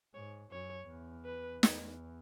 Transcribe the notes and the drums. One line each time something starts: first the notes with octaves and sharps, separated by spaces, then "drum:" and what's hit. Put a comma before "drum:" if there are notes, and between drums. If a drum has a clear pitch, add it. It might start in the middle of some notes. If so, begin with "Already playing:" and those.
G#2 C#5
F#2 C#5
E2
B4
E2, drum: snare